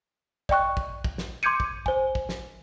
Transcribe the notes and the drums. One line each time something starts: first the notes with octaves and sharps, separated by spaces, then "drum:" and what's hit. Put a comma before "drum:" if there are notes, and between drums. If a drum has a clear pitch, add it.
D5 D#5 G5 C#6 F#6, drum: kick
drum: kick
drum: kick
drum: snare
C6 D6 G6 G#6 C#7 D#7
drum: kick
C5 G#5, drum: kick
drum: kick
drum: snare